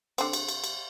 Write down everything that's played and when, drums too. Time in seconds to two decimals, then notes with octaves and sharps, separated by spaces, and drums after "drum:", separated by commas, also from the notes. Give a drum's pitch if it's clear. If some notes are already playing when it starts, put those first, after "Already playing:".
0.18 D3 C4, drum: cymbal
0.33 drum: cymbal
0.49 drum: cymbal
0.64 drum: cymbal